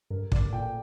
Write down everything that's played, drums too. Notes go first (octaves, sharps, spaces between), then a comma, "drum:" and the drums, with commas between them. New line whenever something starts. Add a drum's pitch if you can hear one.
G2 A#4
G2 D5, drum: kick
A#2 G5